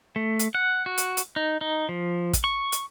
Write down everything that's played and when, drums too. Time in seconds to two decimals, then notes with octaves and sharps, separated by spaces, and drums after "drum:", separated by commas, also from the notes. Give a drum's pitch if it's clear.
0.16 A3
0.39 drum: hi-hat
0.55 F#5
0.86 F#4
0.98 drum: hi-hat
1.17 drum: hi-hat
1.36 D#4
1.61 D#4
1.89 F3
2.33 drum: kick, hi-hat
2.44 C#6
2.72 drum: hi-hat